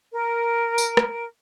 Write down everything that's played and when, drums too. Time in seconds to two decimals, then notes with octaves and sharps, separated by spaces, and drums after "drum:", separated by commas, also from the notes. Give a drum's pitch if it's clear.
0.13 A#4
0.78 drum: tambourine
0.97 drum: rim click